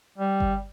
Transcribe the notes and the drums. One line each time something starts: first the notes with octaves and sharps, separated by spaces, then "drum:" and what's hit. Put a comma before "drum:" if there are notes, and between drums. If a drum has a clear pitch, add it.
G3
drum: kick G1